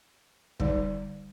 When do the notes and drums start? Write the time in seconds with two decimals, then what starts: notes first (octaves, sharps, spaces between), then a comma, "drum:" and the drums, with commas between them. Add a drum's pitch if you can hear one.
0.60 D3 G3 D#4 D5, drum: kick